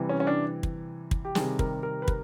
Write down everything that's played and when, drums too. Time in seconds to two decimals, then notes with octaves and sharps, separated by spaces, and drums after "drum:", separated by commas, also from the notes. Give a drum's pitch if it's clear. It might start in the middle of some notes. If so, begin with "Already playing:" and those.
Already playing: C3 E3 G3
0.09 C#4
0.20 C#4
0.27 D4
0.63 drum: kick
1.11 drum: kick
1.25 G4
1.35 C3 D#3 G3 G#4, drum: snare
1.59 A#4, drum: kick
1.83 A#4
2.02 B4
2.08 A#4, drum: kick